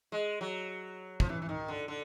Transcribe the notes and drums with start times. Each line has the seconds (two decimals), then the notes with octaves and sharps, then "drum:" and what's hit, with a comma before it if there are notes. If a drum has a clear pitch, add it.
0.12 G#3
0.41 F#3
1.20 F3, drum: kick
1.29 E3
1.42 E3
1.49 D#3
1.68 D3
1.88 D3